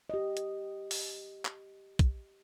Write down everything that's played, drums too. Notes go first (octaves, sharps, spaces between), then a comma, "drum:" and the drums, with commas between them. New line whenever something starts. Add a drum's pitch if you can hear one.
G4 D#5
drum: hi-hat
drum: open hi-hat
drum: clap
drum: kick, hi-hat